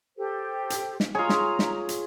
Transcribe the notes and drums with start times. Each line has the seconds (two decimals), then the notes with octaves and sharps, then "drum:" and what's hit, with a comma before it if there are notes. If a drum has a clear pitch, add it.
0.17 G4 A4 C5
0.70 drum: hi-hat
1.00 drum: snare
1.15 F4 G#4 C#5 A#5
1.29 drum: snare
1.59 drum: snare
1.89 drum: hi-hat